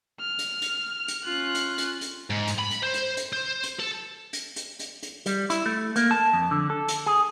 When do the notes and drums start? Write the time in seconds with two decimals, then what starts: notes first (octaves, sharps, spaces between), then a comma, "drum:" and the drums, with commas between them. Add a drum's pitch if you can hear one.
0.20 F6
0.39 drum: hi-hat
0.62 drum: hi-hat
1.08 drum: hi-hat
1.25 C#4 F4 F#6
1.55 drum: hi-hat
1.78 drum: hi-hat
2.01 drum: hi-hat
2.30 G#2
2.47 drum: hi-hat
2.59 B5
2.71 drum: hi-hat
2.83 C5
2.94 drum: hi-hat
3.17 drum: hi-hat
3.33 C5
3.63 drum: hi-hat
3.79 A4
4.33 drum: hi-hat
4.56 drum: hi-hat
4.79 drum: hi-hat
5.03 drum: hi-hat
5.26 G3, drum: hi-hat
5.50 E4, drum: hi-hat
5.66 A3
5.96 A#3, drum: hi-hat
6.11 A5
6.33 F2
6.51 D3
6.70 A4
6.88 drum: hi-hat
7.06 G#4